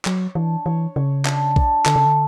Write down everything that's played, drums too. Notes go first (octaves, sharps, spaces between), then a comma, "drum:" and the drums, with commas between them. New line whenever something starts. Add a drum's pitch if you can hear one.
F#3 C#5, drum: clap
E3 D4
E3 C#5
C#3 C#5
D4, drum: clap
D4, drum: kick A#1
D3 A4, drum: clap
C#3
D3